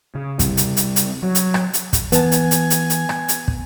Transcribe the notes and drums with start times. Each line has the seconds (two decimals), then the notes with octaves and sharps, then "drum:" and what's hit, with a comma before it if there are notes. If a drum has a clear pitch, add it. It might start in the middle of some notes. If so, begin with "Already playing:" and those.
0.15 C#3
0.39 C3 G3, drum: kick, hi-hat
0.57 drum: hi-hat
0.77 drum: hi-hat
0.96 drum: hi-hat
1.22 F#3
1.35 drum: hi-hat
1.54 drum: rim click
1.73 drum: hi-hat
1.93 drum: kick, hi-hat
2.12 E3 B3 G#5 A5, drum: hi-hat
2.32 drum: hi-hat
2.51 drum: hi-hat
2.70 drum: hi-hat
2.90 drum: hi-hat
3.09 drum: rim click
3.28 drum: hi-hat
3.48 drum: kick